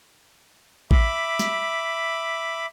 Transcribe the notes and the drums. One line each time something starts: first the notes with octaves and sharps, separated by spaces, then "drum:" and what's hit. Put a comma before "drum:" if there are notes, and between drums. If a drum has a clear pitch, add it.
E5 B5 D6, drum: kick A1
drum: snare